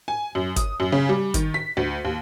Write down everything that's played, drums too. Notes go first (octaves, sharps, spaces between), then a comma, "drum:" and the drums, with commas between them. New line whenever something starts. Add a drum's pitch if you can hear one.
G#5
F#2
D#6, drum: kick G1, hi-hat
F#2
C#3
G3
D#3, drum: kick G1, hi-hat
B6
D2
D#2